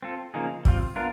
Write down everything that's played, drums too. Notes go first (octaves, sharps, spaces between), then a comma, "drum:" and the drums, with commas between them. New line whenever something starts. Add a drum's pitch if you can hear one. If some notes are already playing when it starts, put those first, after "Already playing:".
C4 F4 A4
C#3 F3 A#3 D#4 G#4
G3 C4 F4, drum: kick
B3 D4 F4 A#4